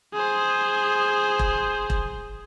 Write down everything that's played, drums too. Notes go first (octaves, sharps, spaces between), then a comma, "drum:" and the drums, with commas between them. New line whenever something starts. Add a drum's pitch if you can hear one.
G#4 C5
drum: kick E1
drum: kick E1